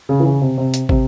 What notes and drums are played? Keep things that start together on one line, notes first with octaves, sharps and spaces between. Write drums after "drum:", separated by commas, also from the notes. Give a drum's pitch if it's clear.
C#3
E3
C#3
C3
C3
drum: hi-hat
C3, drum: kick